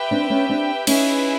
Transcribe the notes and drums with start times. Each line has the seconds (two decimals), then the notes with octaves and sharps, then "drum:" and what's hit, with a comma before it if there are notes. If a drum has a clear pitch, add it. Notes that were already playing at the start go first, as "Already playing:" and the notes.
Already playing: G4 B4 E5 G5
0.11 C4 D4
0.30 B3 C#4
0.49 C4 D4
0.87 C#4 D#4 E4 G#4 B4 E5, drum: cymbal